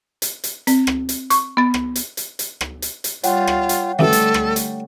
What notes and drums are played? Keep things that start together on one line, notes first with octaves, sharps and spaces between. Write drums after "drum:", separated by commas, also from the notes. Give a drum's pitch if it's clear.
drum: hi-hat
drum: hi-hat
C4, drum: hi-hat
drum: rim click
drum: hi-hat
C#6, drum: hi-hat
B3 A6
drum: rim click
drum: hi-hat
drum: hi-hat
drum: hi-hat
drum: rim click
drum: hi-hat
drum: hi-hat
G3 F4 C#5 F#5 G5, drum: hi-hat
drum: rim click
drum: hi-hat
F#2 D3 E3 G3 A3 A4
drum: hi-hat
drum: rim click
drum: hi-hat